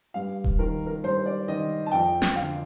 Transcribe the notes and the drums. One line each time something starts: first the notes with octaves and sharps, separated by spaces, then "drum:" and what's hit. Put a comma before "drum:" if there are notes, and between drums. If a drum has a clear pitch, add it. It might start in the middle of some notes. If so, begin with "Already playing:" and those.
G2 F5
drum: kick D#1
D#3 A#4
A#4
G2 C5
D5
D#3 D#5
A5
F2 G5
drum: snare
D3 F5